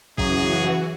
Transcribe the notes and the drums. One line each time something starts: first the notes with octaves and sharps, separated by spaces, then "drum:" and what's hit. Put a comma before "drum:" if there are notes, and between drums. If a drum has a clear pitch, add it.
F#2 C#3 E3 F#4 G#4, drum: kick